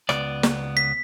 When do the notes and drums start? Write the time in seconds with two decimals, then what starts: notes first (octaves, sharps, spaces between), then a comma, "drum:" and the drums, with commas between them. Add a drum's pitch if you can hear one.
0.09 C#2 B3 D5, drum: rim click
0.43 drum: snare
0.77 B6